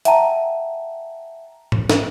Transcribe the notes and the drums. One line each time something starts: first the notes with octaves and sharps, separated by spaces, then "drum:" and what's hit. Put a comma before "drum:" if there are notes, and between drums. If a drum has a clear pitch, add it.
E5 F#5 G5 A5 A#5 D#7, drum: hi-hat
drum: tom G#2
drum: snare